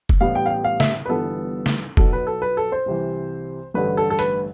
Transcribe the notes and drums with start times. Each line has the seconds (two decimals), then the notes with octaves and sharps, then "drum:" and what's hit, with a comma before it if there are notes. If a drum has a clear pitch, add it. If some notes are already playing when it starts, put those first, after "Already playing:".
0.09 drum: kick F1
0.21 A1 A2 G3 B3 F5
0.35 G5
0.46 F5
0.50 G5
0.64 F5
0.80 E5, drum: snare
1.06 B4
1.09 G1 G2 E3 B3 A4
1.66 drum: snare
1.97 B1 B2 B3 A4, drum: kick F1
2.13 B4
2.27 A4
2.42 B4
2.57 A4
2.72 C5
2.86 C2 C3 E3
3.74 A1 G2 D3 A3 B4
3.97 A4
4.10 A4
4.19 B4, drum: hi-hat